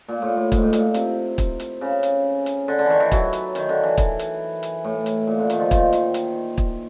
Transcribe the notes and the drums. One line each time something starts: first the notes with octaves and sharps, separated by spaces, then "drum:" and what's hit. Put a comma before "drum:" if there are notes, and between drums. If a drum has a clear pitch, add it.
A#2
A2
A2
G#2, drum: kick, hi-hat
A2
A#2, drum: hi-hat
C3, drum: hi-hat
drum: kick, hi-hat
drum: hi-hat
C#3
drum: hi-hat
drum: hi-hat
D3
D3
D#3 E3
E3
F#3, drum: kick, hi-hat
drum: hi-hat
D#3, drum: hi-hat
D3
E3
E3, drum: kick, hi-hat
drum: hi-hat
drum: hi-hat
A2
drum: hi-hat
A#2
D3
D#3, drum: hi-hat
F3
D#3, drum: kick, hi-hat
D#3, drum: hi-hat
drum: hi-hat
drum: kick